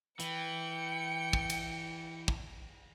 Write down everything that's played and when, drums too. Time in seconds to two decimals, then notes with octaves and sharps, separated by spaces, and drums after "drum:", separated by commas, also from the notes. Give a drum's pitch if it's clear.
0.20 E3 G5 C#7, drum: hi-hat
1.33 drum: kick
1.50 drum: cymbal
2.28 drum: kick